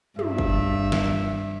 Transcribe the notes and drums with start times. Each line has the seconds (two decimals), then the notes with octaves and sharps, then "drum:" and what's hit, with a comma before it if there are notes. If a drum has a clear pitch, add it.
0.19 G2 E5, drum: tom
0.38 drum: kick
0.92 drum: snare